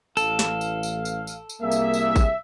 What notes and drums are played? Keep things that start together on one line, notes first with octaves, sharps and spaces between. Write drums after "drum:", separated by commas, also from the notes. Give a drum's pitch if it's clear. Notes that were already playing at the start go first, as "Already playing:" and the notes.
A1 A4 F5, drum: tambourine
drum: snare
drum: tambourine
drum: tambourine
drum: tambourine
drum: tambourine
drum: tambourine
C2 A#3 G#4 E5
drum: tambourine
drum: tambourine
drum: kick G#1, tambourine